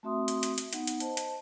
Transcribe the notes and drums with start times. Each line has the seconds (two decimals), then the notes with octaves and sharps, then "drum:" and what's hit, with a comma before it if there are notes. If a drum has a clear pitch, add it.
0.03 A3 C4 F#4 E5 C6 D#6
0.28 drum: hi-hat
0.43 drum: hi-hat
0.58 drum: hi-hat
0.73 B3 D#4 F#5, drum: hi-hat
0.87 drum: hi-hat
1.00 C5 D#5 A5, drum: hi-hat
1.17 drum: hi-hat